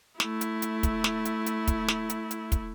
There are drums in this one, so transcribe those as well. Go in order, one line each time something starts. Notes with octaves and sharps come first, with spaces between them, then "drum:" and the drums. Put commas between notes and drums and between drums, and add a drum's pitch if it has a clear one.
A3 E4, drum: snare
drum: hi-hat
drum: hi-hat
drum: kick, hi-hat
drum: snare
drum: hi-hat
drum: hi-hat
drum: kick, hi-hat
drum: snare
drum: hi-hat
drum: hi-hat
drum: kick, hi-hat